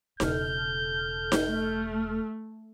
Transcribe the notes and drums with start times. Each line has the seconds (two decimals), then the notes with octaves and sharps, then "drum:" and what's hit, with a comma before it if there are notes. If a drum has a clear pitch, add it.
0.20 E1 C#3 A4 F6 G6, drum: snare D#4
1.32 drum: snare D#4
1.48 A3